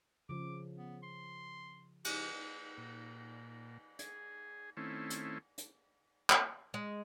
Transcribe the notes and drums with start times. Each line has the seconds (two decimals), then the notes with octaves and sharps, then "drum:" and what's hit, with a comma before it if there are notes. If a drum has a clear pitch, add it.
0.29 C#3 F3 D6
0.77 B3
1.03 C6
2.05 G4, drum: cymbal
2.77 A#2
3.99 G#4, drum: hi-hat
4.77 D#3 A3 C4 C#4 E4
5.10 drum: hi-hat
5.58 drum: hi-hat
6.30 drum: clap
6.74 G#3